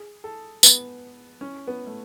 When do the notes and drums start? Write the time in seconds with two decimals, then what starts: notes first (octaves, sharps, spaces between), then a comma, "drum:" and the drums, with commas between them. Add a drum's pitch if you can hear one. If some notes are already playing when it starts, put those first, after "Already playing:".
Already playing: G#4
0.24 A4
0.63 B3, drum: tambourine
1.41 C#4
1.67 B3
1.87 A3